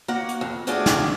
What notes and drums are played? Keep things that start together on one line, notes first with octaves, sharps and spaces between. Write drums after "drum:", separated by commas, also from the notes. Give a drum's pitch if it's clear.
A#3 F#4 F#5
drum: hi-hat
F2
A3 D4 F4 F#4 G#4 D5, drum: hi-hat
drum: snare